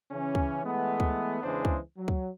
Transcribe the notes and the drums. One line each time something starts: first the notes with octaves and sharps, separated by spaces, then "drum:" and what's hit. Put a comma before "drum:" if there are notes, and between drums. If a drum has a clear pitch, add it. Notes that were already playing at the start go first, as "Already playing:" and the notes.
C#3 E3 C#4
drum: kick C#2
E3 G#3 A3 B3
drum: kick C#2
E2 C#3 E3 G#3 D4 C5
drum: kick C#2
F#3
drum: kick C#2